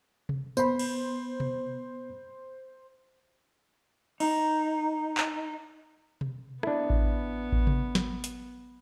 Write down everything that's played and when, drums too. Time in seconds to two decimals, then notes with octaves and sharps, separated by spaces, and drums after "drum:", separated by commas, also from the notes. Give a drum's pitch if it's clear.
0.29 drum: tom C3
0.57 B3 C5 B5, drum: tambourine
0.79 drum: cymbal
1.40 drum: tom B2
4.20 D#4, drum: cymbal
5.17 drum: clap
6.21 drum: tom B2
6.63 B3 D4 E4, drum: rim click
6.90 drum: kick A1
7.52 drum: kick A1
7.67 drum: tom C3
7.95 drum: snare
8.24 drum: hi-hat